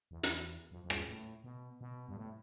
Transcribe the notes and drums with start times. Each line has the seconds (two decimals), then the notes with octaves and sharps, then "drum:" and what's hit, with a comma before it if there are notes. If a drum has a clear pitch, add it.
0.11 E2
0.23 E2, drum: hi-hat
0.71 F2
0.84 F2
0.90 G2, drum: rim click
1.08 A2
1.44 B2
1.81 B2
2.09 G2
2.17 A2